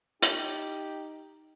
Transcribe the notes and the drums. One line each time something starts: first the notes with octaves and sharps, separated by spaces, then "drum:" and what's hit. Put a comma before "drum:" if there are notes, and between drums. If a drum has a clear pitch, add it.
D#4 G4, drum: hi-hat